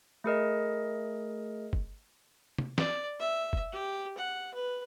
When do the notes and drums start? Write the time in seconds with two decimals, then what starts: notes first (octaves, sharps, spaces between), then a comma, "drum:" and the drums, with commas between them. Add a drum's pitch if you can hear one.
0.24 A3 G#4 A#4 D#5
1.73 drum: kick
2.58 drum: tom
2.78 D5, drum: snare
3.20 E5
3.53 drum: kick
3.73 G4
4.18 F#5
4.54 B4